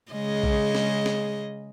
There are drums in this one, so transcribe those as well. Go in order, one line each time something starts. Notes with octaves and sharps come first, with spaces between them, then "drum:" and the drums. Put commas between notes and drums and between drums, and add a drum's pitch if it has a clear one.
C#3 G#3 D#5
drum: kick
drum: snare
drum: snare